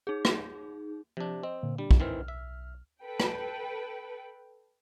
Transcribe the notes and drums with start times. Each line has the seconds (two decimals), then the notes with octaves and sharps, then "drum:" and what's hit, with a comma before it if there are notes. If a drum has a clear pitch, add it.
0.07 D#4 G#4
0.25 drum: rim click
1.17 C3 F3 D4
1.43 C4 D#5
1.63 A#2 D3 A#3
1.78 G3 D4
1.91 drum: kick
2.00 B1 D#3 E3 C4 F6
2.28 E5
3.03 A4 B4 G5
3.20 drum: rim click